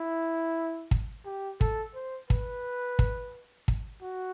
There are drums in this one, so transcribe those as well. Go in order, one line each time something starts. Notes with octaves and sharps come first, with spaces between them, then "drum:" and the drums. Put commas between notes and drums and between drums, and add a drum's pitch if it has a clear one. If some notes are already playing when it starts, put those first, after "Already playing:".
Already playing: E4
drum: kick
G4
A4, drum: kick
C5
B4, drum: kick
drum: kick
drum: kick
F#4